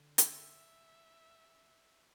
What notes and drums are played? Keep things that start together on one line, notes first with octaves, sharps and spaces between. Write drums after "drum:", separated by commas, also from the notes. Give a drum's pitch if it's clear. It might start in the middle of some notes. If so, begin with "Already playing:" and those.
Already playing: D3
E5, drum: hi-hat